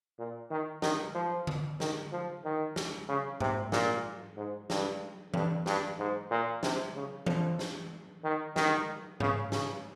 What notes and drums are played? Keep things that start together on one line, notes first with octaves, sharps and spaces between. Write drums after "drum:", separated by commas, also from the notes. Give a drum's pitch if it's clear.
A#2
D#3
D#3, drum: snare
F3
drum: tom D3
D#3, drum: snare
F3
D#3
drum: snare
C#3
C3, drum: tom G#2
A#2, drum: snare
G#2
G2, drum: snare
G2, drum: tom E3
G2, drum: snare
G#2
A#2
C3, drum: snare
C#3
F3, drum: tom E3
drum: snare
D#3
D#3, drum: snare
C#3, drum: tom G#2
C#3, drum: snare